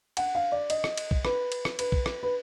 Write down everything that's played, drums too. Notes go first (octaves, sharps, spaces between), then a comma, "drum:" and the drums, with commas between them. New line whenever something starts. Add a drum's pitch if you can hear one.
F#5, drum: cymbal
F5
D5
D#5, drum: cymbal
drum: rim click
drum: cymbal
drum: kick
B4, drum: rim click
drum: cymbal
drum: rim click
B4, drum: cymbal
drum: kick
drum: rim click
B4